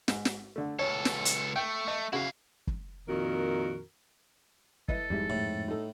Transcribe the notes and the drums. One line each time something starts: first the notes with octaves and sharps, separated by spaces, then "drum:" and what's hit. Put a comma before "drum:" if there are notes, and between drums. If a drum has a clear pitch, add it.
G#2, drum: snare
drum: snare
D3 A3
C#2 A4 C#5
drum: snare
drum: hi-hat
A3 G5
A3 D#5
C#3 E4 F#4 F5
drum: kick F#1
F2 A#2 D#3 F#4 A#4
E4 A4 B4 D#5, drum: kick F#1
F2 G#2 G3 G#3 E4
A2
D#4 A4